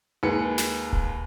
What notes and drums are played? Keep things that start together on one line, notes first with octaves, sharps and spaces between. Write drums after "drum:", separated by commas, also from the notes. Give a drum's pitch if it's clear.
D#2 G#3 G#4 B4 C#7
drum: snare
drum: kick D1